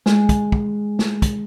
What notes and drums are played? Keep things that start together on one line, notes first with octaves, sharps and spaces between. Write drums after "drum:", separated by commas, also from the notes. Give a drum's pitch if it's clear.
G#3, drum: snare
drum: kick, hi-hat
drum: kick
drum: snare
drum: kick, hi-hat